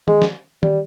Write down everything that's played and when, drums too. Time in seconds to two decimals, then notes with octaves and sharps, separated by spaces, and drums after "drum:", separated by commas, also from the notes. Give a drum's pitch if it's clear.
0.08 G#3, drum: tom D#3
0.22 drum: snare
0.63 G3, drum: tom D#3